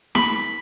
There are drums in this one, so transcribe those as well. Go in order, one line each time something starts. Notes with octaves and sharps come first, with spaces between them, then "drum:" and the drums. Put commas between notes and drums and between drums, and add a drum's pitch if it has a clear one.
B5, drum: snare